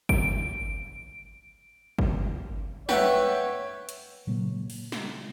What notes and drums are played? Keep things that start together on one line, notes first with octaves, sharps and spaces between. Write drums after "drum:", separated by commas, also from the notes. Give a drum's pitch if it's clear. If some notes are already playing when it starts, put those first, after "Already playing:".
D7, drum: kick G1
drum: kick G1
B4 C#5 E5 F#5 G5, drum: snare
drum: hi-hat
A#2 C#3 F#3 A#3
drum: open hi-hat
drum: snare